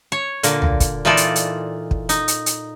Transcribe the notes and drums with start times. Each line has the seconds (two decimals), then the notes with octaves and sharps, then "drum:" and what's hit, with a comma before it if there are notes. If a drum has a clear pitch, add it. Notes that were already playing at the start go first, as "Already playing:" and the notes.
0.12 C#5
0.43 A#2 D3 A#3, drum: hi-hat
0.62 drum: tom
0.80 drum: kick, hi-hat
1.05 A#2 E3 D#4 F4 A4 D5
1.17 drum: hi-hat
1.36 drum: hi-hat
1.91 drum: kick
2.09 D#4, drum: hi-hat
2.28 drum: hi-hat
2.46 drum: hi-hat